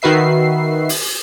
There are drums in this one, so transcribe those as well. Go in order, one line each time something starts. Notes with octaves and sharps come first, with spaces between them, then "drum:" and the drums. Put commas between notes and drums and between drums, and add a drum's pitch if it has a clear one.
D#3 F#4 B4 E5 C7
drum: open hi-hat